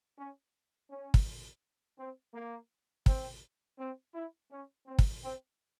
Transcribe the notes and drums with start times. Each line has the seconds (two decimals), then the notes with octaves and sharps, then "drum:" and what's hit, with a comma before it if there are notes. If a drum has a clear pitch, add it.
0.18 C#4
0.90 C#4
1.14 drum: kick
1.98 C4
2.34 A#3
3.06 C4, drum: kick
3.79 C4
4.14 E4
4.51 C#4
4.87 C4
4.99 drum: kick
5.23 C4